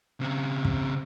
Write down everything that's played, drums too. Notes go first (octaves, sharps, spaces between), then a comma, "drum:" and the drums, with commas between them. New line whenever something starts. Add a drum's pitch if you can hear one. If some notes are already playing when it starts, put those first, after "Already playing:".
C#3 C4
drum: kick